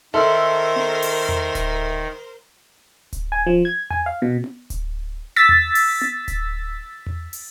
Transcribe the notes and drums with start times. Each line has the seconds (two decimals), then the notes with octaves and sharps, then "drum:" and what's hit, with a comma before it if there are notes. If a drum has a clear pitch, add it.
0.14 D#3 A4 A#4 C5 E5 C6 F6
0.76 drum: tom B3
1.02 drum: open hi-hat
1.29 drum: tom E2
1.55 drum: kick D1, hi-hat
3.13 drum: kick D1, hi-hat
3.32 G#5
3.46 F3
3.65 G#6
3.90 G#5, drum: tom E2
4.06 F5
4.22 B2
4.44 drum: tom B3
4.70 drum: kick D1, hi-hat
5.36 E6 A6 B6
5.49 drum: tom E2
5.75 drum: open hi-hat
6.01 drum: tom B3
6.28 drum: kick D1, hi-hat
7.07 drum: tom E2
7.33 drum: open hi-hat